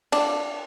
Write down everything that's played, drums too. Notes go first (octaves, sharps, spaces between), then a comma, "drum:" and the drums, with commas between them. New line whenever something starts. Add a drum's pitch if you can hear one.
D4, drum: cymbal